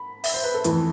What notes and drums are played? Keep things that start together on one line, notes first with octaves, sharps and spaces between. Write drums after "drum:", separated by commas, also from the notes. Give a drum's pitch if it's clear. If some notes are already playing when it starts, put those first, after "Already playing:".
Already playing: B5
E5, drum: open hi-hat
C5
B4
A4
F2 E3 A3, drum: hi-hat